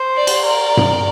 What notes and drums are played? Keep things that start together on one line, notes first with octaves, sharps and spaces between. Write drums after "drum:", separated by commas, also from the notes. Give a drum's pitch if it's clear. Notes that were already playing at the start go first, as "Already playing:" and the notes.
Already playing: C5
D5
drum: cymbal
A#4 D5
drum: tom G2